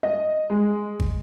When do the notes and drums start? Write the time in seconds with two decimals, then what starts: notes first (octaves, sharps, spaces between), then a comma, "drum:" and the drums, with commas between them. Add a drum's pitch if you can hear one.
0.03 D#5
0.50 G#3
1.00 drum: kick